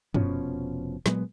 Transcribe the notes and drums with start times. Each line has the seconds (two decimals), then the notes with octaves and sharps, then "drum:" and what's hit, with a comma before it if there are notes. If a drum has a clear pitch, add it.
0.14 F1 B2 F3 C#4, drum: tom F#2
1.06 A#2 F#3 G#3 B3, drum: snare